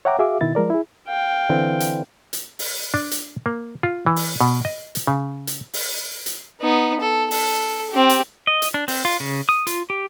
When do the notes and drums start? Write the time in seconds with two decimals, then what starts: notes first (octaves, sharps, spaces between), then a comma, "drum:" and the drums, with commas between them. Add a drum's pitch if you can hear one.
0.05 C#5 E5 F#5 G5 A#5 D6
0.19 F#4 G#4 E5 F5 D6
0.41 B2 D#3 E4 A6
0.55 F3 G#3 A#4 D5
0.70 E4 G#4
1.08 F5 G5
1.49 D3 E3 C4
1.80 drum: hi-hat
2.33 drum: hi-hat
2.59 drum: open hi-hat
2.94 D4
3.11 drum: hi-hat
3.46 A#3
3.83 F4
4.06 E3
4.16 drum: open hi-hat
4.41 B2
4.65 D#5
4.95 drum: hi-hat
5.07 C#3
5.47 drum: hi-hat
5.74 drum: open hi-hat
6.26 drum: hi-hat
6.61 B3 D#4
7.01 A4
7.31 A4, drum: open hi-hat
7.91 C4 G4
8.09 drum: hi-hat
8.47 D#5
8.62 drum: hi-hat
8.74 D4
8.88 C4, drum: open hi-hat
9.05 F4
9.20 C#3
9.49 D#6
9.67 F4, drum: hi-hat
9.90 G4